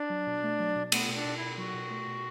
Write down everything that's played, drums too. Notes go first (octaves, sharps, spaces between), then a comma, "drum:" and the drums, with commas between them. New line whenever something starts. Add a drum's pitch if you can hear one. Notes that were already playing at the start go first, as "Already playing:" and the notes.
Already playing: D4
F#3
B2
A3
F#3
B2
A3 B3, drum: cymbal
B2
D4
B2
B2 E4
F#3 F#4
B2
A3
B2